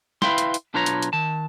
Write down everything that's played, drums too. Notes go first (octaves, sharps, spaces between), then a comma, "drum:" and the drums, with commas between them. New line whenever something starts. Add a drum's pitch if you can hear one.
E4 B4 E5 F5 G5 C6, drum: snare
drum: hi-hat
drum: hi-hat
B1 D4 F4 B4 C#5 A#5
drum: hi-hat
drum: hi-hat
D#3 A5